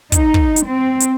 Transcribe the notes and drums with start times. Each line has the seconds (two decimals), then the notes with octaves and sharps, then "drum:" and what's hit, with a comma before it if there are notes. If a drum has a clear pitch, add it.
0.12 D#4, drum: kick, hi-hat
0.34 drum: kick
0.56 drum: hi-hat
0.65 C4
1.00 drum: hi-hat